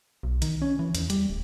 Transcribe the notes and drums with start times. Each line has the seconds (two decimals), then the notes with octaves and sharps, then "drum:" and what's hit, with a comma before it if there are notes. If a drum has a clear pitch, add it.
0.23 B1
0.42 D#3, drum: hi-hat
0.62 C#4
0.79 E3
0.95 E2, drum: hi-hat
1.10 G3, drum: hi-hat
1.30 D1